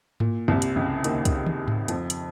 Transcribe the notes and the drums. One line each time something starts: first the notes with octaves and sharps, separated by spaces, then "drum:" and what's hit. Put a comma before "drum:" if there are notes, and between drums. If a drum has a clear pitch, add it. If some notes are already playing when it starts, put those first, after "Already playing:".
A#2, drum: tom G#2
C2 C3
drum: hi-hat
C#2 C#3
D#2 D#3, drum: hi-hat
drum: kick, hi-hat
drum: tom
drum: tom G#2
F2 F3, drum: hi-hat
drum: hi-hat